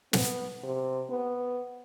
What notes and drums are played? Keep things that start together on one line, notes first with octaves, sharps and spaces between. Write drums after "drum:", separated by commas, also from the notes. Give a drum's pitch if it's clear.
B3, drum: snare
C3
B3